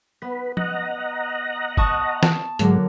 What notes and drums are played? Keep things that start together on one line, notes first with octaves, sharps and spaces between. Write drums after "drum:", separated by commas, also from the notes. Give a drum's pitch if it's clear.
B3 B4
D#5 F#5 A#5, drum: tom F3
A5 C#6 D#6, drum: kick
A5, drum: snare
G#2 D3 F#3 G#3 A#3, drum: hi-hat